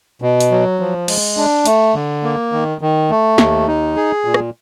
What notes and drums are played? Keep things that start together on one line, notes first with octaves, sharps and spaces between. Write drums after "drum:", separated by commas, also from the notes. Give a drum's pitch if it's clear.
B2
drum: hi-hat
F#3
F3
G#3, drum: cymbal
D4
A3, drum: hi-hat
D3
A#3
D#3
D#3
A3
D#2, drum: snare
D#4
G#4
A#2
drum: rim click